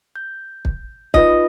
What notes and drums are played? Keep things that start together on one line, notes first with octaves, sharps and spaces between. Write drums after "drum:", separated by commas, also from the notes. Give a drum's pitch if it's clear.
G6
drum: kick
D#4 F4 B4 D#5, drum: kick